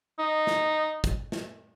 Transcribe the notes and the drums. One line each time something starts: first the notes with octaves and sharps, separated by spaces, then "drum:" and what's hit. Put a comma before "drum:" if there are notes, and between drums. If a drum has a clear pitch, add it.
D#4
drum: snare
drum: kick, hi-hat
drum: snare